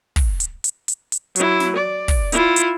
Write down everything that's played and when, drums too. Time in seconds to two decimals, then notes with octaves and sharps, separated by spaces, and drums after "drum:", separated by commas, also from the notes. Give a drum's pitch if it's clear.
0.16 drum: kick, open hi-hat
0.40 drum: hi-hat
0.64 drum: hi-hat
0.88 drum: hi-hat
1.12 drum: hi-hat
1.36 F#3 E4, drum: hi-hat
1.60 drum: snare
1.77 D5
2.08 drum: kick, open hi-hat
2.32 E4 F4, drum: hi-hat
2.56 drum: hi-hat